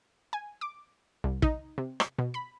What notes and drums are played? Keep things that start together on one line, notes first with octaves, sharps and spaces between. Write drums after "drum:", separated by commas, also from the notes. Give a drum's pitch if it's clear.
G#5
D6
C2
D#4, drum: kick
C3
drum: rim click
B2
B5